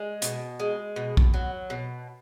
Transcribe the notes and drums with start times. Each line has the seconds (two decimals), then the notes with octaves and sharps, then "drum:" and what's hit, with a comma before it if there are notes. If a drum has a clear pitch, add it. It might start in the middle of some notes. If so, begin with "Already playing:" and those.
Already playing: G#3
0.22 B2, drum: hi-hat
0.60 G#3
0.96 B2
1.17 drum: kick B1
1.34 F#3
1.70 B2